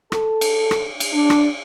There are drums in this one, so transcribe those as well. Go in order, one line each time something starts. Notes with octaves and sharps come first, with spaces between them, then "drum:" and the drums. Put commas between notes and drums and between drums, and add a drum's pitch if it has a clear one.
A4, drum: rim click
drum: cymbal
drum: rim click
drum: cymbal
D4
drum: rim click